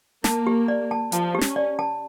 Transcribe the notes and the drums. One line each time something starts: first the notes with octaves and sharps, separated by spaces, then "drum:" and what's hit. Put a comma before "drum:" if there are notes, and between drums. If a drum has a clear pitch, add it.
A#3 A5, drum: snare
G4
D5
A5
F3 A5, drum: hi-hat
G4
C#4, drum: snare
D5
A5